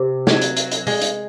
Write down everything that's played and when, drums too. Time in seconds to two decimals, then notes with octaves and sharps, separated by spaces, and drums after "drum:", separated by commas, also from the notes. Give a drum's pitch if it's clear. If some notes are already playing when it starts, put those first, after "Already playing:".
Already playing: C3
0.27 F#3, drum: snare
0.42 drum: hi-hat
0.57 drum: hi-hat
0.72 drum: hi-hat
0.87 G#3, drum: open hi-hat
1.01 drum: hi-hat